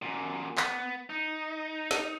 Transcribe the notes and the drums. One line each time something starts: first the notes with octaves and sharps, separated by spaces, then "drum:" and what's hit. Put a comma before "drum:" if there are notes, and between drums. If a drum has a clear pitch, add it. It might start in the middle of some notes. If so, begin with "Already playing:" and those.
F#2 A#2
B3, drum: clap
D#4
drum: snare